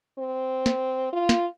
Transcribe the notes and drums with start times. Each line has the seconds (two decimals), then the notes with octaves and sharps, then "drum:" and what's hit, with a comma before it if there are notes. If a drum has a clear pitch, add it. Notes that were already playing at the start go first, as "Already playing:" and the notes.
0.18 C4
0.66 drum: snare
1.13 F4
1.29 drum: snare